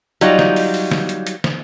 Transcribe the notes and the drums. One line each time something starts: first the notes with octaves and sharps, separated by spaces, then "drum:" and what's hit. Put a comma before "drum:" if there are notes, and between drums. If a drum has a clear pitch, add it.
F#3 G3 D#4 F4, drum: hi-hat
drum: snare
drum: open hi-hat
drum: open hi-hat
drum: snare
drum: hi-hat
drum: hi-hat
drum: snare